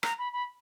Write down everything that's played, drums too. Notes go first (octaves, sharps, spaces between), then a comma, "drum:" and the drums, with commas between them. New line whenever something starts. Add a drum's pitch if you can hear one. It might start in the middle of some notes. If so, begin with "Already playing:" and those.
A#5, drum: rim click
B5
B5